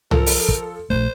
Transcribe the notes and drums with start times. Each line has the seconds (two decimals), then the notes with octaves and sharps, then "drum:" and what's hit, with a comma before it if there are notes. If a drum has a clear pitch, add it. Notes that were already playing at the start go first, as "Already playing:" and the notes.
0.11 F3 A4 A#4, drum: tom C2
0.26 drum: open hi-hat
0.49 drum: kick
0.90 A#1 F2 A3 C5